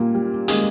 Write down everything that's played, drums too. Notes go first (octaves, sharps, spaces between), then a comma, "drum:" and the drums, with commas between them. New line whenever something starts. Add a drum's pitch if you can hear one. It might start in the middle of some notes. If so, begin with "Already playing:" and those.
Already playing: A#2 G3 A#3
G3
G#3 A#3 G#4, drum: hi-hat